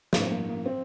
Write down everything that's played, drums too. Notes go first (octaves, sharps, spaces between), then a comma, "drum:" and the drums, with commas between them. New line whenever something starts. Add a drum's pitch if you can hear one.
A1 G2 E3 A3 A#3, drum: snare
C4
A#3
A#3
C4